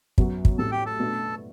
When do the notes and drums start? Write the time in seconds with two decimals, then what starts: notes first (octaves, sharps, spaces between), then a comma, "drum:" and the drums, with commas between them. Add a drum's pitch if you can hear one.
0.18 F#2 F#3 B3 F#4, drum: kick
0.45 drum: kick
0.58 A1 A2 G3 C4 A4 A5
0.72 G4 G5
0.86 A4 A5
0.99 B2 A3 D4 F#4